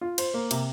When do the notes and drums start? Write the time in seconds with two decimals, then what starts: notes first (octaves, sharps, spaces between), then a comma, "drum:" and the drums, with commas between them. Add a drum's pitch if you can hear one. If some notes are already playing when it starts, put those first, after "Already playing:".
0.01 F4
0.18 C5, drum: cymbal
0.34 A#3
0.51 C3, drum: cymbal